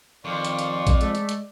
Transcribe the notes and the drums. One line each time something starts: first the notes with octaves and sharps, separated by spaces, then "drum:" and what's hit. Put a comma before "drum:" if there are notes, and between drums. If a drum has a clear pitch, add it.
F2 D#3 D5 F5 C6 C#6
drum: hi-hat
drum: hi-hat
drum: kick, hi-hat
G#3 A3, drum: hi-hat
drum: hi-hat
drum: hi-hat